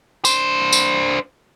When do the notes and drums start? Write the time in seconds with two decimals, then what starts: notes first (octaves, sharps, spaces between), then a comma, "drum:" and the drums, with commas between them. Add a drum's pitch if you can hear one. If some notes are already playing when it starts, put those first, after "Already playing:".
0.25 D4 C5, drum: tambourine
0.73 drum: tambourine